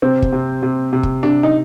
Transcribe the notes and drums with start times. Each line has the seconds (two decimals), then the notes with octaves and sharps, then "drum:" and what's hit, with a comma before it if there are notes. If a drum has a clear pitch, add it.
0.02 C3 C4
0.22 drum: kick
0.32 C3
0.63 C3
0.93 C3
1.03 drum: kick
1.23 C3 D4
1.43 D#4